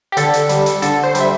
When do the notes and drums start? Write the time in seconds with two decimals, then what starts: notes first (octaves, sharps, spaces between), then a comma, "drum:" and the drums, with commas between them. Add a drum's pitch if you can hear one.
0.12 G4
0.17 D3 A4, drum: hi-hat
0.33 drum: hi-hat
0.49 G3, drum: hi-hat
0.66 drum: hi-hat
0.82 D3 A4, drum: hi-hat
1.04 C5
1.15 G3, drum: hi-hat
1.20 E5